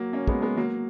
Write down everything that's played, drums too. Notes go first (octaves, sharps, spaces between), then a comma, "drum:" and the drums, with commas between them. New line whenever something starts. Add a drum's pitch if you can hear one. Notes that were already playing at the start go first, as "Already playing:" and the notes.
Already playing: F#3 A#3
A#3 C#4
G#3 B3, drum: kick
G#3 B3
F#3 A#3